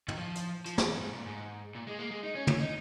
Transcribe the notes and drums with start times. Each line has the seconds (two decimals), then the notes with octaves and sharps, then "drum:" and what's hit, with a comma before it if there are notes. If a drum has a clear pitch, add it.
0.08 D#3, drum: tom
0.17 F3
0.35 drum: hi-hat
0.66 F3, drum: hi-hat
0.78 A#2, drum: snare
0.89 G#2
1.02 G#2
1.14 A#2
1.26 G#2
1.75 A#2
1.87 G#3
1.99 A#3
2.11 G#3
2.23 D#4
2.35 C#4
2.47 C#4, drum: tom
2.60 D#4